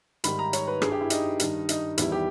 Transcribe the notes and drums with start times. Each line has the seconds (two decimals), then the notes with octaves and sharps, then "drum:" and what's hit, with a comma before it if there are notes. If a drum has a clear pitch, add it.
0.24 G#2 D#3 G3 B5, drum: hi-hat
0.39 A#5
0.53 C#5, drum: hi-hat
0.67 B4
0.82 G2 G3 G#4, drum: rim click
0.92 G4
1.01 E4
1.10 D#4, drum: hi-hat
1.40 G2 D#3 G3, drum: hi-hat
1.69 D#4, drum: hi-hat
1.98 E2 D#3 G3 E4, drum: hi-hat
2.12 G4